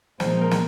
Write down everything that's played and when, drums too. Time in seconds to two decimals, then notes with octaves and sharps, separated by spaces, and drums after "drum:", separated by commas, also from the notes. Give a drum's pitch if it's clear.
0.20 A#2 F3 G#3 C4 D#4 C5, drum: snare
0.41 A#4
0.51 drum: snare